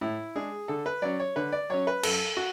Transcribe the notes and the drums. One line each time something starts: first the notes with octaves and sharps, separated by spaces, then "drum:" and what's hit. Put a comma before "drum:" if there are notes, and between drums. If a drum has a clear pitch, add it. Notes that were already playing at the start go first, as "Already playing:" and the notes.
A2 E4
G#3 D4 G#4
D3 A4
B4
F#3 C#4 D5
C#5
D3 B4
D5
F#3 C#4 C#5
B4
F#2 A4, drum: cymbal
F#4